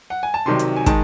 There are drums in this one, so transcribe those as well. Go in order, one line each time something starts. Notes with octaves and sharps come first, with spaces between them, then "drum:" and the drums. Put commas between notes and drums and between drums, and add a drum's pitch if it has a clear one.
F#5
G#5
A5
C2 C3 D#3 F#3 C6
drum: hi-hat
G#5
D#3 G#3 A5, drum: kick, hi-hat